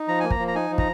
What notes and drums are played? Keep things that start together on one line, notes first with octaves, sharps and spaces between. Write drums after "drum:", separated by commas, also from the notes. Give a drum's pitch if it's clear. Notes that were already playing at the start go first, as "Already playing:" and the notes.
Already playing: D#4
F3 A#5
A#3 G#5
A#5, drum: kick
F3
A#5
D#4 G#5
F3
A#5, drum: kick